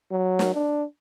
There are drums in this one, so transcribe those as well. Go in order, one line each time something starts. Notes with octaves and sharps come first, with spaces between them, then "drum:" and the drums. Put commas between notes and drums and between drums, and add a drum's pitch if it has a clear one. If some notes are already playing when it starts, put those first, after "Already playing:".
F#3
drum: snare
D4